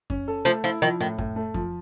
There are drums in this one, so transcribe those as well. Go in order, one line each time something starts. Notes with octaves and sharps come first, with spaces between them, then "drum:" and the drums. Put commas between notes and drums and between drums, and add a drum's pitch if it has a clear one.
C#4, drum: kick F2
A4
F3 A3
F3 E4
D#3 F3
A2 D#3
A2, drum: kick F2
A3
F3, drum: kick F2